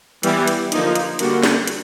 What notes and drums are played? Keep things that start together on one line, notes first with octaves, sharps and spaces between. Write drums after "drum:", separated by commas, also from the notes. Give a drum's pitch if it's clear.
E3 G3 B3, drum: hi-hat
drum: hi-hat
D3 F3 A#3 D#4, drum: hi-hat
drum: hi-hat
D3 G3 A#3 D4 F#4, drum: hi-hat
drum: snare
drum: hi-hat